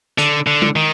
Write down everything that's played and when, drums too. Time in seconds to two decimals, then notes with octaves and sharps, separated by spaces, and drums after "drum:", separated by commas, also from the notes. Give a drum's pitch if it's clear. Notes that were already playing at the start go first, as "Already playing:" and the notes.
0.18 D3, drum: hi-hat
0.47 D3
0.62 drum: tom
0.76 D#3